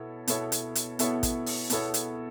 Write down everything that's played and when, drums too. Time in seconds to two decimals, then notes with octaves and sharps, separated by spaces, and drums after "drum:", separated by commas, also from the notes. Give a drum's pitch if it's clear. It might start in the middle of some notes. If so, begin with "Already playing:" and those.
Already playing: B2 B3 E4 A4 C#5
0.27 B2 B3 E4 A4 C#5, drum: hi-hat
0.52 drum: hi-hat
0.75 drum: hi-hat
0.99 B2 B3 E4 A4 C#5, drum: hi-hat
1.23 drum: kick, hi-hat
1.46 drum: open hi-hat
1.70 B2 B3 E4 A4 C#5, drum: hi-hat
1.94 drum: hi-hat